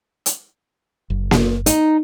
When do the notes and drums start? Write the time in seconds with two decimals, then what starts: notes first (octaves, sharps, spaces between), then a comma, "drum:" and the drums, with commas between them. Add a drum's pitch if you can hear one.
0.26 drum: hi-hat
1.10 F#1
1.31 drum: snare A#3
1.66 D#4, drum: hi-hat